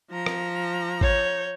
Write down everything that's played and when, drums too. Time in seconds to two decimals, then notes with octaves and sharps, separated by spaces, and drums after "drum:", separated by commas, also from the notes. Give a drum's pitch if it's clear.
0.11 F3 A#5
0.26 drum: rim click
1.01 C#5 G6, drum: kick A1